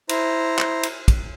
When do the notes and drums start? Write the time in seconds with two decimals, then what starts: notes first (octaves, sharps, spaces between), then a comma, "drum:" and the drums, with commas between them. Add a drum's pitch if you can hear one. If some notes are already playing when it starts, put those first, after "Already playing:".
0.09 E4 C5 A#5, drum: cymbal
0.59 drum: clap
0.83 drum: cymbal
1.08 drum: kick, cymbal